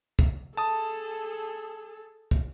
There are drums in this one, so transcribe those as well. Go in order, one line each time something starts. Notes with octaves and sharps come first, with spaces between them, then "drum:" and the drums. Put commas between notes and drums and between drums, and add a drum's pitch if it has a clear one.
drum: kick
G#4 A4 A5 D#6
drum: kick